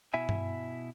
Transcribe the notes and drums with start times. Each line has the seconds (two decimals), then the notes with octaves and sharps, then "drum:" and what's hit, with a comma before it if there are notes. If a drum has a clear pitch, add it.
0.14 B2 E4 E5 G#5
0.29 drum: tom G2